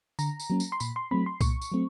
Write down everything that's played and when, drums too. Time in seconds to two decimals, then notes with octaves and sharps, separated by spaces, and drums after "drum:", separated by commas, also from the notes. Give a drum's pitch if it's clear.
0.19 D3 A#5, drum: tambourine
0.40 drum: tambourine
0.50 F#3 A#3 C#4
0.60 drum: tambourine
0.72 C6
0.80 A#2 B5, drum: tambourine
0.96 C6
1.11 F#3 A3 C4 B5
1.26 C6
1.41 A#2 C#6, drum: kick C2, tambourine
1.61 drum: tambourine
1.72 F#3 A3 C4